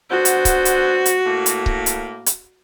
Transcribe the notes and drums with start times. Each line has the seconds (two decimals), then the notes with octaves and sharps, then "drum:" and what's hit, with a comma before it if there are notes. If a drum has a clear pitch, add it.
0.11 D3 B3 F#4 C5
0.25 drum: hi-hat
0.45 drum: kick C#1, hi-hat
0.65 drum: hi-hat
1.06 drum: hi-hat
1.26 A2 A#3
1.46 drum: hi-hat
1.66 drum: kick C#1
1.86 drum: hi-hat
2.26 drum: hi-hat